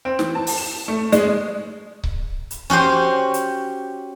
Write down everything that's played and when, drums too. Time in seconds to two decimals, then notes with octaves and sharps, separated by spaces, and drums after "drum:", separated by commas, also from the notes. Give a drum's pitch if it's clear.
0.05 C4
0.19 E3, drum: snare
0.35 A5
0.47 drum: open hi-hat
0.58 E7
0.88 A3
1.12 G#3, drum: hi-hat
2.04 drum: kick C#1
2.51 drum: hi-hat
2.70 C#4 F#4 G4 C5
3.34 drum: hi-hat